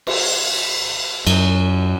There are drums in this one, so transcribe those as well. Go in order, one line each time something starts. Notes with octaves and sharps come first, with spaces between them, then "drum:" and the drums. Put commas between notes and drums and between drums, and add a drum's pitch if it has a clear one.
drum: cymbal
F#2, drum: cymbal